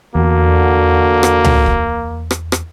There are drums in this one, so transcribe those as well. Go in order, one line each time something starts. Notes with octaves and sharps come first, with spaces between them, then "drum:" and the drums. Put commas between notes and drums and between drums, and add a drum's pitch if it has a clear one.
E2 D3 A#3 F#4
drum: rim click
drum: tom C#2
drum: kick
drum: rim click
drum: rim click